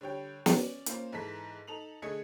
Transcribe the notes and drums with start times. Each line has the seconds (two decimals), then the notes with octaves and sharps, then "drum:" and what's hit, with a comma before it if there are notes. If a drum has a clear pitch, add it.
0.01 D3 G3 C#5 G5
0.46 C#4 D5, drum: snare
0.86 A#3 C#4 F4 C5, drum: hi-hat
1.13 G#2 E3 A4 B6
1.67 D#4 A4 F7 F#7
2.02 D3 A3 G#4 D#5 G#6 C#7